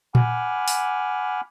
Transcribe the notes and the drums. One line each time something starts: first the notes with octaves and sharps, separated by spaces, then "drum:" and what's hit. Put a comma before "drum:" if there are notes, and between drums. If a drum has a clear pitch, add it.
F#5 G#5 B5 D6 F6, drum: tom A#2
drum: open hi-hat